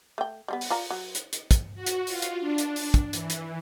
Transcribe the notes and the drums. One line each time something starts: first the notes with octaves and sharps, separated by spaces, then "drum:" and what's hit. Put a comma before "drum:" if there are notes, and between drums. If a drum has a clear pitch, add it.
A3 G5
G3 G#3 B3
drum: open hi-hat
F4 D5 A#5
F#3
drum: hi-hat
drum: hi-hat
drum: kick, hi-hat
F#4
drum: hi-hat
F4, drum: open hi-hat
drum: hi-hat
D4
drum: hi-hat
drum: open hi-hat
drum: kick, hi-hat
E3, drum: hi-hat
drum: hi-hat